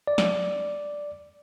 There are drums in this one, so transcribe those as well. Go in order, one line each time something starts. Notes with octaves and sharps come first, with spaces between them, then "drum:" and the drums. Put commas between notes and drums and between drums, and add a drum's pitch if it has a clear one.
D5
drum: snare